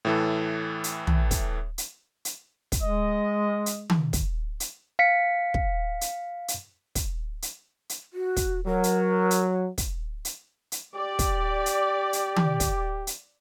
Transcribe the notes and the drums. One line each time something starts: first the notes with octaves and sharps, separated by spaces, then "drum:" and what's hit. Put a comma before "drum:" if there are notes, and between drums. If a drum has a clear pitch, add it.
A2 E3 A4
drum: hi-hat
drum: tom
drum: kick, hi-hat
drum: hi-hat
drum: hi-hat
drum: kick, hi-hat
G#3 D#5
drum: hi-hat
drum: tom D#3
drum: kick, hi-hat
drum: hi-hat
F5 B6 C#7
drum: kick
drum: hi-hat
drum: hi-hat
drum: kick, hi-hat
drum: hi-hat
drum: hi-hat
F#4
drum: kick, hi-hat
F#3 A#4
drum: hi-hat
drum: hi-hat
drum: kick, hi-hat
drum: hi-hat
drum: hi-hat
G4 D5
drum: kick, hi-hat
drum: hi-hat
drum: hi-hat
drum: tom D#3
drum: kick, hi-hat
drum: hi-hat